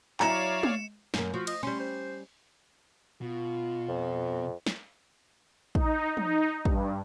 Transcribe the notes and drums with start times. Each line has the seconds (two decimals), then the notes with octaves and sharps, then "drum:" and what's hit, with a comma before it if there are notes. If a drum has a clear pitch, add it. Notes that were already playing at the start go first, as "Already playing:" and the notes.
0.20 F#3 E4 C#5 D5 F5 A#5 C#7 E7, drum: clap
0.63 drum: tom
1.14 F#2 A#3, drum: snare
1.34 F3 F#4
1.47 D#5, drum: cymbal
1.63 G3 C#4 C6
1.80 C5
3.22 B2 F4
3.89 F2
4.66 drum: snare
5.75 D#4, drum: kick
6.17 D#4, drum: tom
6.65 G2, drum: kick